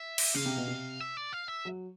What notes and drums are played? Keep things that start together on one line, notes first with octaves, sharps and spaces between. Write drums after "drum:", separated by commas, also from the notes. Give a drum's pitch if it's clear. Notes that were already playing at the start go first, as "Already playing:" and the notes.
Already playing: E5
drum: cymbal
C#3 F5
C3
B2
C3
E5
D5
F5
E5
F#3